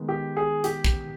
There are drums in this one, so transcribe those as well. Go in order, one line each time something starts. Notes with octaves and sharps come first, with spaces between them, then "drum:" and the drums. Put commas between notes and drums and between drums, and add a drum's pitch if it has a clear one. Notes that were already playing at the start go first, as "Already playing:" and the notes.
Already playing: D#3 G#3 B3
G4
G#4
G4, drum: hi-hat
drum: kick